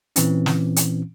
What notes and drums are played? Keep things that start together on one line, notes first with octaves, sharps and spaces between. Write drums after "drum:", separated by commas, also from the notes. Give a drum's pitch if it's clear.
A#2 E3 C4 C#4, drum: hi-hat
drum: snare
drum: hi-hat